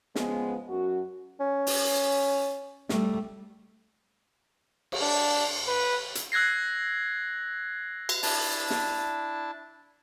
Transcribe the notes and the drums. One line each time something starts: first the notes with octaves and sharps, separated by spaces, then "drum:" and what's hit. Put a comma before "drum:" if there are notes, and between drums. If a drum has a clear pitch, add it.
C#3 F3 G#3 B3, drum: snare
F#2 F#4
C#4
drum: open hi-hat
G3 A3, drum: snare
drum: cymbal
D4
B4
drum: hi-hat
E6 F#6 G#6 A#6 C7
drum: cymbal
D4 E4 A5, drum: open hi-hat
drum: snare